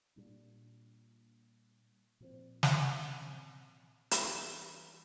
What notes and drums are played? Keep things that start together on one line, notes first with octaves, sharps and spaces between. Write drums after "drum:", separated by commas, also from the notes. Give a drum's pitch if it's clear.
A#2 G3 D4
A#2 F3 C4
drum: snare
drum: hi-hat
E3 G3 D4